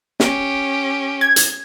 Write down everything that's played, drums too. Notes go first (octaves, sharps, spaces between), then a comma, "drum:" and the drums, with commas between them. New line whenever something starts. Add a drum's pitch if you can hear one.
C#4 G4, drum: snare
G#6
drum: hi-hat